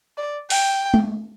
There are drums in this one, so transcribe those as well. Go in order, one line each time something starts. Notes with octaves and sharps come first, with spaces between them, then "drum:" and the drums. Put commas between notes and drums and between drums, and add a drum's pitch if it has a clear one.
D5
G5, drum: open hi-hat
drum: tom G#3